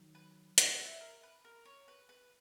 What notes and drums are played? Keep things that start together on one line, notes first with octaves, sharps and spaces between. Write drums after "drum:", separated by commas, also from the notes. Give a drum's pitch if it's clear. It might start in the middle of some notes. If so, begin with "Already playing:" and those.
Already playing: D#3 F#3
B4
F#4, drum: hi-hat
E4
A#4
B4
A#4
C#5
B4
B4